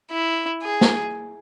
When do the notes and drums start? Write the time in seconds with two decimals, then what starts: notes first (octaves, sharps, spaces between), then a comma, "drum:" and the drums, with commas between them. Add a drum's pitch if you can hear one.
0.10 E4
0.63 G#4
0.81 drum: snare